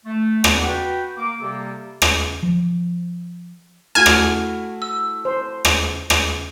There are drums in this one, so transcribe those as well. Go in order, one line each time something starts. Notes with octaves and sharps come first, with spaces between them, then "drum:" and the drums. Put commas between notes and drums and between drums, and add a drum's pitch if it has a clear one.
A3
A#3 B3 D4 F#4 D5 F#5, drum: rim click
F#4 B4 G5
A#3 D6
C3 G3 A#3 G4 A4
drum: rim click
F3
A3 E4 F#4 G#5 F6
drum: rim click
E6
C5
drum: rim click
drum: rim click